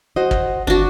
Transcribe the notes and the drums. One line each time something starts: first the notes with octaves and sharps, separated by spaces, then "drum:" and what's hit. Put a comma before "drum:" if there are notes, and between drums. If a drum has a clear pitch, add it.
F#4 C5 D#5
drum: kick
G1 D4 F#4